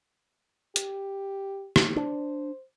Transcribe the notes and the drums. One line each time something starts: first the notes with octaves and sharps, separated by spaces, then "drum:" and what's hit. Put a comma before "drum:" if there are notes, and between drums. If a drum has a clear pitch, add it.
G4, drum: hi-hat
drum: rim click
D4 C5